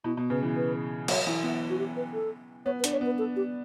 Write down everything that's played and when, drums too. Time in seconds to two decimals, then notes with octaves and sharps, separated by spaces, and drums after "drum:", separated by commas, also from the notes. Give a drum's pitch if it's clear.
0.04 B2 E4
0.17 B2
0.30 C#3 B4
0.43 E3
0.56 B4
1.08 F#3 C#5, drum: cymbal
1.27 E3
1.43 B3
1.70 F#4
1.79 G4
1.96 B4
2.13 A4
2.66 B3 C#5
2.80 B4
2.84 D4, drum: hi-hat
2.93 C#5
3.01 B3 B4
3.18 A4
3.36 G4